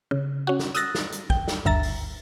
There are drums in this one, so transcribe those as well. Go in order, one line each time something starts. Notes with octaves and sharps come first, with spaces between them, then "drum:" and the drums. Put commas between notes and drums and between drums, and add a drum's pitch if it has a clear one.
C#3
C#4 F#4
drum: snare
D#6 E6 F#6 A6 A#6, drum: hi-hat
drum: snare
drum: hi-hat
G5, drum: kick
drum: snare
G1 D2 E5 A#5 A6
drum: open hi-hat